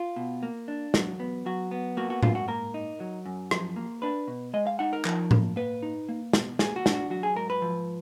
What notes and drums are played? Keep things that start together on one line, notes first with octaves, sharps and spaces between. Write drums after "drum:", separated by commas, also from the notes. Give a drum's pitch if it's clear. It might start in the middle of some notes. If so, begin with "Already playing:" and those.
Already playing: F4
B2
A#3
D4
F#3, drum: snare
B3
F#3 F#4
B3
A#3 F#4
F#4
G#2 F4, drum: tom A2
F#4
A#3 A#4
D#4
F#3
F#2
F3, drum: rim click
A#3
D4 B4
B2
G#3 D#5
F5
D#4 F#5
A#4
F3 A#4, drum: clap
A#3, drum: tom A2
A#3 B4
D#4
A#3
B2, drum: snare
A#3 G#4, drum: snare
F#4
D4, drum: snare
F#4
F#3 F#4
G#4
G#2 A#4
B4
F3